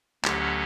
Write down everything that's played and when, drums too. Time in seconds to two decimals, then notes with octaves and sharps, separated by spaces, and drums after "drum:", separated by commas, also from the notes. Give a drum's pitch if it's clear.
0.25 D2 D3 F#3 C#4 G4, drum: clap